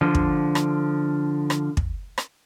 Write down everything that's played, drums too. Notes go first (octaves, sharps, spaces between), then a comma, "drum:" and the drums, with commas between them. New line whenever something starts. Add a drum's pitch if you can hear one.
D3 F3
drum: kick
drum: rim click
drum: rim click
drum: kick
drum: rim click